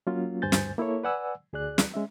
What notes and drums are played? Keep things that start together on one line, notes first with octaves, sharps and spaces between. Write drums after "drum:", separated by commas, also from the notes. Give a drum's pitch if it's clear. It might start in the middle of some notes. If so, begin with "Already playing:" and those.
F#3 A#3 C#4 F4
D2 G2 C5 G#5 G6 A6
drum: snare
A#3 E4 A4 C#5
B4 D5 F#5 G#5 E6
D2 G#4 D5 F#6
drum: snare
G#3 C#4 E5